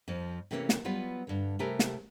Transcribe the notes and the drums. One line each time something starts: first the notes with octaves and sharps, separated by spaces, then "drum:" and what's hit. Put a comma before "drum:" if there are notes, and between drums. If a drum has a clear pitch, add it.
F2 F3
C3 E3 A3 A#3 C4 C#4
drum: snare
F#3 G3 B3 F4 B4
G2 D3
C3 A3 G4 A#4 B4 G#5
drum: snare